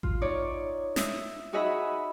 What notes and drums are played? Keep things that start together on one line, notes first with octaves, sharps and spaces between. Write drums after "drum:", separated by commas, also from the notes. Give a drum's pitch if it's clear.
F4, drum: kick A1
D#4 C#5 D5
E5 D#6, drum: snare
D#4 F#4 G#4 D#5 E5 B5